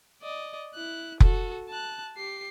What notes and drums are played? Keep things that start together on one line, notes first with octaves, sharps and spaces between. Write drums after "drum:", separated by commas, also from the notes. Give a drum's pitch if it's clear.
D5 D#5
E4 F#6
F#4 A4, drum: kick F1
A5 F#6
G4 C7